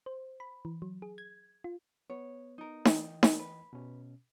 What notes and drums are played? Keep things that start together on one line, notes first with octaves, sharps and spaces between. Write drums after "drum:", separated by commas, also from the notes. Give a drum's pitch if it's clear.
C5
B5
E3
F#3
G#4
G#6
F4
B3 C#5
D#4 A#4
E3 D#5 G5, drum: snare D#4
drum: snare D#4
B4
B2 C#4